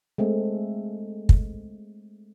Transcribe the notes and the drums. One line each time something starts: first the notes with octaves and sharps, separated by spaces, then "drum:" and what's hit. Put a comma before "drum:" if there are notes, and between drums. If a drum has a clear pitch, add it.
G#3 A3 C4
drum: kick